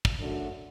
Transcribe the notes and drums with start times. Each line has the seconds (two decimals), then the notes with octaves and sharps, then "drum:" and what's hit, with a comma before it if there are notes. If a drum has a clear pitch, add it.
0.05 drum: kick
0.18 F#2 D3 A3 D4 F#4